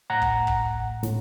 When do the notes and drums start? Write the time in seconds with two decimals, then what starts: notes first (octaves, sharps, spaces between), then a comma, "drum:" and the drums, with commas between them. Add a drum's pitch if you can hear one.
0.10 A2 F#5 A#5
0.22 drum: kick
0.47 drum: kick
1.03 A2, drum: snare